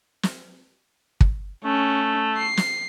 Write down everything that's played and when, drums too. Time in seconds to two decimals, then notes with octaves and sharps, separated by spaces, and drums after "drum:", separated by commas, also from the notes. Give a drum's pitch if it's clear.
0.23 drum: snare
1.21 drum: kick
1.64 A3 C#4
2.38 C7
2.57 drum: snare